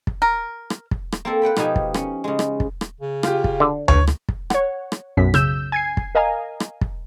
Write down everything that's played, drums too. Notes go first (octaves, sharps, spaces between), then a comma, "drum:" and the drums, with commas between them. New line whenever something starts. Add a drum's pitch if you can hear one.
drum: kick
A#4
drum: rim click
drum: kick
drum: rim click
A#3 C4 A4
B4 F#5 G5 B5
B2 F3 D#4 G4 G#5, drum: rim click
drum: kick
C#4, drum: rim click
C#3 G#3
drum: rim click
drum: kick
drum: rim click
C#3
F4 G4, drum: rim click
drum: kick
D3
G2 C#5, drum: tom D2
drum: rim click
drum: kick
C#5 F#5, drum: rim click
drum: rim click
B1 F#2 C#4 B6
C#3 E6 G6 E7, drum: rim click
G#5 G#6 C7
drum: kick
A#4 D#5 F5 G#5 A#5
drum: rim click
drum: kick